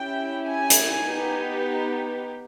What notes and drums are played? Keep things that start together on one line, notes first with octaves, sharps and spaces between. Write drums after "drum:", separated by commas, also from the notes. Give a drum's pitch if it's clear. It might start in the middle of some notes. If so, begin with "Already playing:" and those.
Already playing: C#4 E4 G4 G5
G#5
drum: hi-hat
B3 D#4 G4